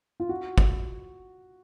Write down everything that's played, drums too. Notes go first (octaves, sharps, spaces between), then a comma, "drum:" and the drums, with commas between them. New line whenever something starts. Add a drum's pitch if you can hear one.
F4
F#4
drum: kick